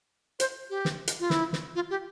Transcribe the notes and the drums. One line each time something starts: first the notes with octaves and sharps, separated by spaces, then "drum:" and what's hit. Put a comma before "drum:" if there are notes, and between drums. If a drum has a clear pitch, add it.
C5, drum: hi-hat
G4
drum: snare
drum: hi-hat
F4
E4, drum: snare
drum: snare
F4
G4